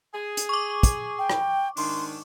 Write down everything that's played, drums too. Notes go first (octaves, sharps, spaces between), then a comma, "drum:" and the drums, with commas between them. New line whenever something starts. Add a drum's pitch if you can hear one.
G#4
drum: hi-hat
C#6 D6
drum: kick, hi-hat
G5
drum: rim click
G#2 D#3 D4 C6, drum: open hi-hat